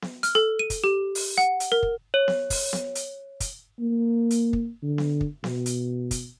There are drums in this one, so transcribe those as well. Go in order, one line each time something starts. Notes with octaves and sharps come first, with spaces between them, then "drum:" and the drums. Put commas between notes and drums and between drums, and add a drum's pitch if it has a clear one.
drum: snare B3
F6, drum: hi-hat
A4
D#7
drum: kick, hi-hat
G4
drum: open hi-hat
F#5
drum: hi-hat
A#4
drum: kick
C#5
drum: snare B3
drum: kick, open hi-hat
drum: snare B3
drum: hi-hat
drum: kick, hi-hat
A#3
drum: hi-hat
drum: kick
D3
drum: snare B3
drum: kick
B2, drum: snare B3
drum: hi-hat
drum: kick, hi-hat